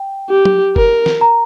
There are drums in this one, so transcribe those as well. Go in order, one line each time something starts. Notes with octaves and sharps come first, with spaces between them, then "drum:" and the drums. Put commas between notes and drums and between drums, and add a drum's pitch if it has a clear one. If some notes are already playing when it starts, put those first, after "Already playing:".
Already playing: G5
G4
drum: tom F#3
A#4, drum: kick F#1
drum: snare
A#5